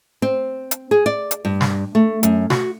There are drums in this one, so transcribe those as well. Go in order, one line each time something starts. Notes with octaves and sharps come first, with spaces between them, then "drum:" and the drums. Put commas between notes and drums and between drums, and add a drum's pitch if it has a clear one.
C4
drum: hi-hat
G#4
D5
drum: hi-hat
G2
drum: snare
A3
F#2, drum: hi-hat
F#4, drum: snare